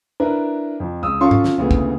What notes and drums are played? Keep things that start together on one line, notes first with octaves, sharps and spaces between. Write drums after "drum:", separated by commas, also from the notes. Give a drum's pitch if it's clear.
D4 E4 A#4 B4
F2
C#2 D#6 E6
C#4 F4 A4 F5 C6 C#6
drum: tom
drum: snare
D2 A#2 C#3 E3 A3 B3
drum: kick